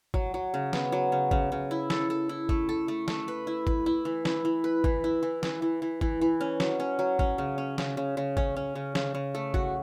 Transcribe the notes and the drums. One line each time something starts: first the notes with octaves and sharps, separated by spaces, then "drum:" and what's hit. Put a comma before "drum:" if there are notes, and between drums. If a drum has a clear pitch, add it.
F#3, drum: kick
F#3
C#3
B3, drum: snare
F#3
C#3
C#3, drum: kick
C#3
E4
A4, drum: snare
A4
E4
A3, drum: kick
A4
A3
A3, drum: snare
B4
E4
B4, drum: kick
E4
E3
E4, drum: snare
E3
B4
E3, drum: kick
E4
E3
E3, drum: snare
E3
E3
E3, drum: kick
E3
C#4
F#3, drum: snare
C#4
F#3
C#4, drum: kick
C#3
C#4
C#3, drum: snare
C#3
C#3
C#4, drum: kick
C#4
C#3
C#3, drum: snare
C#3
A3
F#4, drum: kick